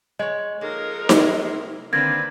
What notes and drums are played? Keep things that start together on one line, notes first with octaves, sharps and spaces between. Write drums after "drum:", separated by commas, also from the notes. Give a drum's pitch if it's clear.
G#3 C#5 D#5
F3 G#3 A#3 D#4 A4 A#4
C3 E4 C5, drum: snare D#4
D3 D#3 A#3 C4 D4 B4 G#6 A#6